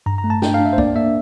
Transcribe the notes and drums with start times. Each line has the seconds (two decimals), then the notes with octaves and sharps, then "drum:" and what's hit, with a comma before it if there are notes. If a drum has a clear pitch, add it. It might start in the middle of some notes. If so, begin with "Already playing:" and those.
0.06 G2 A#5
0.18 A#5
0.24 A3
0.30 A5
0.42 D4 G5, drum: snare
0.54 F5
0.60 D4
0.66 E5
0.73 C5
0.78 A#3 D5, drum: kick
0.96 A#3 E5